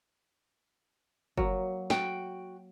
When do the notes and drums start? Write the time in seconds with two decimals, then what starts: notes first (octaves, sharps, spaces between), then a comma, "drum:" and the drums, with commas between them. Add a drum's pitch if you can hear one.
1.37 F#3 A#3, drum: kick F#1
1.90 F#4 G5, drum: snare